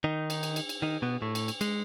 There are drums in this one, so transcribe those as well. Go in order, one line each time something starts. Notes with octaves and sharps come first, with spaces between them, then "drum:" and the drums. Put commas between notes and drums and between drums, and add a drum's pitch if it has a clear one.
D#3 D#4
drum: cymbal
drum: cymbal
drum: cymbal
drum: cymbal
D#3 D#4
B2 B3
A2 A3
drum: cymbal
drum: cymbal
G#3, drum: cymbal